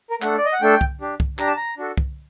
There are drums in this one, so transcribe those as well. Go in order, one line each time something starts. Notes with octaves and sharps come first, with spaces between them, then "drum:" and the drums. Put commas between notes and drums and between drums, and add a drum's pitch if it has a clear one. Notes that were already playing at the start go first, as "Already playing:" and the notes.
A#4
A3 D4 A4 F#5, drum: clap
D5
D#5
F#5
A3 D4 A4 G5
drum: kick
D4 G4
drum: kick
D4 G4 A#5, drum: clap
A5
A#5
D4 F#4 A4
drum: kick